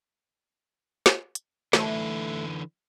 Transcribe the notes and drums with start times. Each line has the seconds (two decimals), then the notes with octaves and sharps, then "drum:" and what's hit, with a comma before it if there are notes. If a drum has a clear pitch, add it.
1.06 drum: snare
1.35 drum: hi-hat
1.73 D3 E3 A3, drum: snare